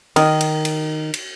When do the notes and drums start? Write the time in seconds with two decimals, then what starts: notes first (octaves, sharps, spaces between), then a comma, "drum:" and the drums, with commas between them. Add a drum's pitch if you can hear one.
0.16 D#3, drum: cymbal
0.40 drum: cymbal
0.65 drum: cymbal
1.14 drum: cymbal